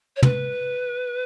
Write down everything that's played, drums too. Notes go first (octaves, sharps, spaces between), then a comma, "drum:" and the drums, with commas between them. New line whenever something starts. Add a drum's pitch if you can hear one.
C#5
B4, drum: tom